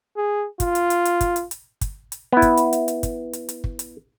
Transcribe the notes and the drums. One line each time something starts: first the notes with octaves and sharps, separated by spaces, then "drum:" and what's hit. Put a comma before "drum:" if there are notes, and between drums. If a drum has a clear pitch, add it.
G#4
F4, drum: kick, hi-hat
drum: hi-hat
drum: hi-hat
drum: hi-hat
drum: kick, hi-hat
drum: hi-hat
drum: hi-hat
drum: kick, hi-hat
drum: hi-hat
B3 E4
drum: kick, hi-hat
drum: hi-hat
drum: hi-hat
drum: hi-hat
drum: kick, hi-hat
drum: hi-hat
drum: hi-hat
drum: kick
drum: hi-hat